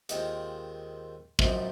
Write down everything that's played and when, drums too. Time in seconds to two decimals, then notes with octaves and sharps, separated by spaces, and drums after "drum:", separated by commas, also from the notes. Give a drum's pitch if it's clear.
0.09 D#2 D#3 G#3 C4 F4, drum: hi-hat
1.39 F#2 F3 C4 D#4, drum: kick